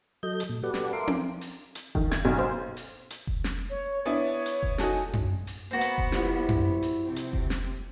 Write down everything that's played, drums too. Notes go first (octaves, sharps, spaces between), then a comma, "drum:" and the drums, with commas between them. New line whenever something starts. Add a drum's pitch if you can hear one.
F#3 A4 D#5 G6
drum: hi-hat
A#2
F#4 G4 A4 B4 D5 F#5
drum: snare
A4 A#4 E5 F5 C6 D6
drum: tom C4
drum: open hi-hat
drum: hi-hat
D#3, drum: kick F1
G#6, drum: snare
B1
C5
drum: open hi-hat
drum: hi-hat
drum: kick F1
drum: snare
C#5
B3 D4 E4 C#5
drum: hi-hat
drum: kick F1
D#4 F#4 A4 G#5, drum: snare
drum: tom F#2
drum: open hi-hat
A#3 B3 F#4 C5
drum: hi-hat
drum: kick F1
F3 G3 E4, drum: snare
drum: tom F#2
drum: open hi-hat
C3 C4
drum: hi-hat
drum: kick F1
drum: snare